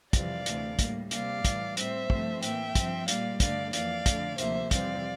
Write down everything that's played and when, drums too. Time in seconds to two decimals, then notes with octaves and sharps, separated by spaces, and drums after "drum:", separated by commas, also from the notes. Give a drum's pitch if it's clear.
0.13 F2 C3 E3 G3 D5 F5, drum: kick, hi-hat
0.46 D2 C3 E3 A3, drum: hi-hat
0.79 A2 G3 A#3, drum: kick, hi-hat
1.11 C3 G3 A#3 D5 F5, drum: hi-hat
1.45 A2 E3 G3, drum: kick, hi-hat
1.77 A2 G3 C4 C5 E5, drum: hi-hat
2.10 G2 F3 A3 C4, drum: kick
2.43 A2 E3 A#3 E5 G5, drum: hi-hat
2.75 G2 F3 C4, drum: kick, hi-hat
3.08 A#2 G3 A#3 D5 F5, drum: hi-hat
3.40 G2 D3 A3 D5 F5, drum: kick, hi-hat
3.73 F2 E3 A#3 D5 F5, drum: hi-hat
4.06 F2 D3 A3, drum: kick, hi-hat
4.38 D2 C3 F3 A#3 C5 E5, drum: hi-hat
4.71 F2 C3 E3 G3 C4 D5 F5, drum: kick, hi-hat